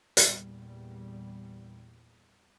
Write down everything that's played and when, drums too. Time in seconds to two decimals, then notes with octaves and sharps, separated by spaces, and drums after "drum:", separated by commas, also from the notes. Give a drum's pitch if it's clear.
0.17 E2 A#2 G3, drum: hi-hat